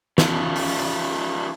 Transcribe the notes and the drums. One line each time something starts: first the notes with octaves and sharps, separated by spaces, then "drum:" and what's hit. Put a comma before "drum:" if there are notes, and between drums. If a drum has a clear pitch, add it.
C#3 F3, drum: snare
drum: open hi-hat